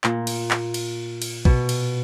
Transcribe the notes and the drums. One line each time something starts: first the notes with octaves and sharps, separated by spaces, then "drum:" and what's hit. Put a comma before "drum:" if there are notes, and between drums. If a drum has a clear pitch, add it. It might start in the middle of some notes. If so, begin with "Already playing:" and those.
A#2, drum: clap
drum: cymbal
drum: clap
drum: cymbal
drum: cymbal
B2, drum: kick
drum: cymbal